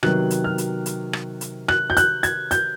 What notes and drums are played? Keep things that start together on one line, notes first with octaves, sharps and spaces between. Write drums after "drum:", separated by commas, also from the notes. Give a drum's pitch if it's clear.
C3 D#3 F#3 B3 F#6, drum: rim click
drum: hi-hat
F6
drum: hi-hat
drum: hi-hat
drum: rim click
drum: hi-hat
F#6, drum: rim click
G6
F#6, drum: hi-hat
G#6, drum: hi-hat
G6, drum: hi-hat